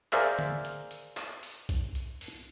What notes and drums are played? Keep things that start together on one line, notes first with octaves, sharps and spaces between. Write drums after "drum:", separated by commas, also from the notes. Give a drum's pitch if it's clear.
G#4 A#4 C5 D5 E5 F5, drum: clap
drum: tom D3
drum: hi-hat
drum: hi-hat
drum: clap
drum: open hi-hat
drum: kick B1, hi-hat
drum: hi-hat
drum: open hi-hat